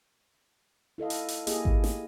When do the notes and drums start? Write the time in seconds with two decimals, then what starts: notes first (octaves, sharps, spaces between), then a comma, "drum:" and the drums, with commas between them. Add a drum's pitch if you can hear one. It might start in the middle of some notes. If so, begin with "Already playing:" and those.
0.98 E4 A4 D#5 F5
1.10 drum: hi-hat
1.28 drum: hi-hat
1.47 A#3 E4 G4 G#4 D#5, drum: hi-hat
1.65 drum: kick G#1
1.84 drum: snare